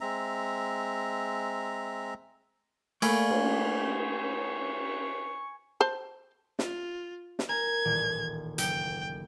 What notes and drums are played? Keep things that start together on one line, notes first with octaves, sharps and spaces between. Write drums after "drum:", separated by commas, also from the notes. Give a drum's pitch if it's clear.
G#3 C4 E5 A#5
A3 A#3 D5 F5 G#5 B5 C#6 G#6, drum: cymbal
drum: cymbal
C5 A5
F4, drum: snare
drum: snare
A#4 G#5 A#5 G#6
D#1 A1 D5
F#1 A4 G5 C#7, drum: hi-hat